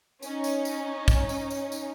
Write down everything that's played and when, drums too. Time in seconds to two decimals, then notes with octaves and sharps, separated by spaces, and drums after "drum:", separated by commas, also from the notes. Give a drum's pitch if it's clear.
0.22 C#4 D#4, drum: tambourine
0.44 drum: tambourine
0.65 drum: tambourine
1.08 drum: kick, tambourine
1.29 drum: tambourine
1.50 drum: tambourine
1.72 drum: tambourine